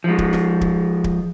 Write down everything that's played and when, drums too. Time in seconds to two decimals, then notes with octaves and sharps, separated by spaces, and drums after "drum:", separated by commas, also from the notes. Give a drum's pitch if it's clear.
0.04 F3 G#3
0.18 drum: kick
0.33 drum: snare
0.61 drum: kick
1.04 drum: kick